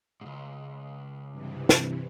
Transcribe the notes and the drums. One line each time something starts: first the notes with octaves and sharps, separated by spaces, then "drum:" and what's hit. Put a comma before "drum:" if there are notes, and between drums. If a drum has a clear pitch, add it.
C#2 G#2
G2 C3 E3
drum: snare